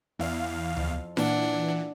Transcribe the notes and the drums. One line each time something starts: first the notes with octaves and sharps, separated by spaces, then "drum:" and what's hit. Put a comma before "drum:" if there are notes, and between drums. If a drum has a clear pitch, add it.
E2 E4 D5 F5
F2, drum: tom D2
A#2 E3 D4 F#5, drum: snare F4